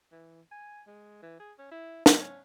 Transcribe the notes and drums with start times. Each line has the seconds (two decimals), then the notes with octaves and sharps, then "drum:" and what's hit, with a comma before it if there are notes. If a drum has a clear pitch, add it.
0.12 E3
0.51 G#5
0.87 G#3
1.22 E3
1.40 G#4
1.59 C#4
1.71 E4
2.06 F#4, drum: snare
2.20 C#4